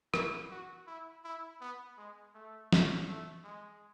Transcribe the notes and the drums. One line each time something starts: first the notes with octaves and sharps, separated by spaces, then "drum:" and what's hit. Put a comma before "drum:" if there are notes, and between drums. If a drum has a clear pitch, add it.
E4, drum: rim click
F#4
E4
E4
B3
G#3
A3
drum: snare
A3
G#3